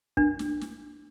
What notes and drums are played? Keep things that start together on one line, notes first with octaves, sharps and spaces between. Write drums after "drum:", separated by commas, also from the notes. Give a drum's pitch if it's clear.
D4, drum: kick
drum: snare
drum: snare